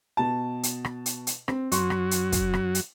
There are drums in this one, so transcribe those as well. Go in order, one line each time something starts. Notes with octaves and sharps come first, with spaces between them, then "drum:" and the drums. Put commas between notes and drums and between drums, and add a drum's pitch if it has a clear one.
B2 A5
drum: hi-hat
drum: rim click
drum: hi-hat
drum: hi-hat
C4, drum: rim click
F#2 F#3 F#4 C6 C#6, drum: hi-hat
drum: rim click
drum: hi-hat
drum: kick, hi-hat
drum: rim click
drum: hi-hat